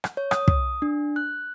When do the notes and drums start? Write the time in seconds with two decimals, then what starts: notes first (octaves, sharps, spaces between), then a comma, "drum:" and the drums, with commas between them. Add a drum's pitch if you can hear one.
0.04 drum: rim click
0.17 C#5
0.31 D#6, drum: rim click
0.48 D#6, drum: kick
0.82 D4
1.16 F#6